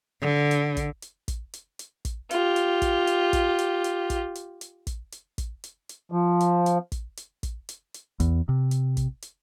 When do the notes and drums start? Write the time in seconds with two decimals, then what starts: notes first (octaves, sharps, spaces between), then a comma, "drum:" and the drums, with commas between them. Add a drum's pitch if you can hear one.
0.21 D3
0.51 drum: hi-hat
0.77 drum: kick, hi-hat
1.02 drum: hi-hat
1.28 drum: kick, hi-hat
1.53 drum: hi-hat
1.79 drum: hi-hat
2.05 drum: kick, hi-hat
2.31 F4 G4, drum: hi-hat
2.56 drum: hi-hat
2.82 drum: kick, hi-hat
3.07 drum: hi-hat
3.33 drum: kick, hi-hat
3.59 drum: hi-hat
3.84 drum: hi-hat
4.10 drum: kick, hi-hat
4.35 drum: hi-hat
4.61 drum: hi-hat
4.87 drum: kick, hi-hat
5.12 drum: hi-hat
5.38 drum: kick, hi-hat
5.64 drum: hi-hat
5.89 drum: hi-hat
6.12 F3
6.40 drum: hi-hat
6.66 drum: hi-hat
6.92 drum: kick, hi-hat
7.17 drum: hi-hat
7.43 drum: kick, hi-hat
7.69 drum: hi-hat
7.94 drum: hi-hat
8.20 E2, drum: kick, hi-hat
8.49 C3
8.71 drum: hi-hat
8.97 drum: kick, hi-hat
9.22 drum: hi-hat